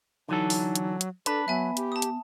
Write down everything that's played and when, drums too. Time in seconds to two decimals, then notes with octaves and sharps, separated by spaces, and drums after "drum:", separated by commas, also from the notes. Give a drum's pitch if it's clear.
0.29 D3 E3 F#3 D#4 A4
0.50 drum: open hi-hat
0.75 drum: hi-hat
1.01 drum: hi-hat
1.26 D4 A4 B4 A5, drum: hi-hat
1.48 F#3 B3 E5 G#5
1.77 G4, drum: hi-hat
1.92 A5 D#6
2.02 drum: hi-hat